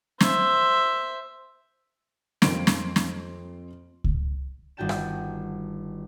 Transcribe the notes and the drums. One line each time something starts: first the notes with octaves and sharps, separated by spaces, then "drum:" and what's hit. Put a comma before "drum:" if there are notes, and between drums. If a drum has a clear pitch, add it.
C5 E5, drum: snare
F2 F3 A#3 C4 C6 D7, drum: snare
drum: snare
drum: snare
drum: kick C#2
G1 D#3 F#4 G5 A5 E7
drum: rim click